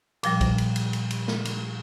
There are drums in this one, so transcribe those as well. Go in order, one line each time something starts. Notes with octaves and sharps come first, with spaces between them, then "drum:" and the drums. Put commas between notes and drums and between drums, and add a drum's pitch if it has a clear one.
A#2 F3 G3, drum: cymbal
drum: kick A#1, cymbal
drum: cymbal
drum: cymbal
drum: cymbal
drum: cymbal
drum: snare
drum: cymbal